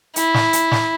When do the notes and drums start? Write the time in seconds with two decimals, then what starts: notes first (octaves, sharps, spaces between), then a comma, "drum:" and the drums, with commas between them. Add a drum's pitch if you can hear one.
0.16 E4, drum: hi-hat
0.34 drum: snare
0.53 drum: hi-hat
0.72 drum: snare